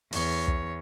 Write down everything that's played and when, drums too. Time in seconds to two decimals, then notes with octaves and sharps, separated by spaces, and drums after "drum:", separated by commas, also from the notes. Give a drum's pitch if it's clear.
0.13 E2 C#5, drum: open hi-hat
0.48 drum: kick